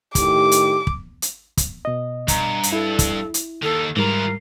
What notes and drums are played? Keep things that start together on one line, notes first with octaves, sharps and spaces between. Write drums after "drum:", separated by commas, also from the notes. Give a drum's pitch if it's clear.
A2 D#3 G4 D6, drum: kick, hi-hat
drum: hi-hat
drum: kick
drum: hi-hat
drum: kick, hi-hat
B2 D#5
G2 A#5, drum: kick, hi-hat
drum: hi-hat
E4 A4
drum: kick, hi-hat
drum: hi-hat
D#2 D#3 A4
G#2 E3 G3 F4 A#4